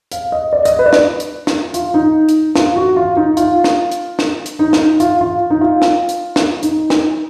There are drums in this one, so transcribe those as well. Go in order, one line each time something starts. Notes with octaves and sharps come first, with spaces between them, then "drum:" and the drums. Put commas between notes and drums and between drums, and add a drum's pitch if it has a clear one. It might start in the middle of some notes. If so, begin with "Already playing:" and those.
F5, drum: hi-hat
D#5
D5
D#5, drum: hi-hat
B4
D5
B4, drum: snare
drum: hi-hat
drum: snare
F4, drum: hi-hat
D#4
drum: hi-hat
F4, drum: snare
F#4
F4
D#4
F4, drum: hi-hat
drum: snare
drum: hi-hat
drum: snare
drum: hi-hat
D#4
drum: snare
F4, drum: hi-hat
F4
D#4
F4
drum: snare
drum: hi-hat
drum: snare
D#4, drum: hi-hat
drum: snare